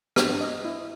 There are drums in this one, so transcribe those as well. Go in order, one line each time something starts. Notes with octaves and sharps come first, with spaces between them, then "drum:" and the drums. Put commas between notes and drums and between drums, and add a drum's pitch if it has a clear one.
G2 C5, drum: rim click
D#5
E4